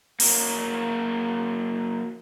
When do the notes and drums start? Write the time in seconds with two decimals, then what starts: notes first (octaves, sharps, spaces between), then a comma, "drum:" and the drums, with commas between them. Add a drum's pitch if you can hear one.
0.20 F#3 A#3, drum: open hi-hat